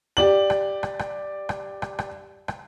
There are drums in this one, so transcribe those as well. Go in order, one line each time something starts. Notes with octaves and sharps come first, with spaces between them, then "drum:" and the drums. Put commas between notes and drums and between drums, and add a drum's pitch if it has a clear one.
G4 D5 F#7
drum: rim click
drum: rim click
drum: rim click
drum: rim click
drum: rim click
drum: rim click
drum: rim click